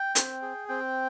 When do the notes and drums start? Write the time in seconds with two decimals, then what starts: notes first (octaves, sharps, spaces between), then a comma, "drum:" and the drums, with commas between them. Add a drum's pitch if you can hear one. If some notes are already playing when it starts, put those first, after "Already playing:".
Already playing: G5
0.15 C4, drum: hi-hat
0.42 G#4
0.68 C4 G5